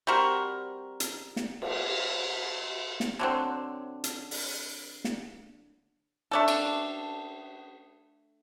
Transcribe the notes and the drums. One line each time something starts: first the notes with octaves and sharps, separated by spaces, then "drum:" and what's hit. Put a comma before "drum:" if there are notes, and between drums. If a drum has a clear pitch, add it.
G3 C4 F#4 A#4
drum: hi-hat
drum: snare
drum: cymbal
drum: snare
D3 F#3 C4
drum: hi-hat
drum: open hi-hat
drum: snare
A3 D4 A4
drum: cymbal